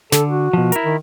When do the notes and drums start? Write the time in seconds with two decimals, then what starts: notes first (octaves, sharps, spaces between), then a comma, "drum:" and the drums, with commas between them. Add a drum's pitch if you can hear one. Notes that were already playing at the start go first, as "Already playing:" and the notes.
0.12 D3 A4, drum: snare
0.29 F#4
0.53 B2 F3
0.72 E4 A#4, drum: hi-hat
0.85 D#3